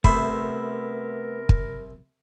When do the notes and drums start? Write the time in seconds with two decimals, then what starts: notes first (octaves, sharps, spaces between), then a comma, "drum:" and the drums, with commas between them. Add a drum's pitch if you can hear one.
0.04 C2 A3 B3 A#4 C5 E5 B5, drum: kick
1.49 drum: kick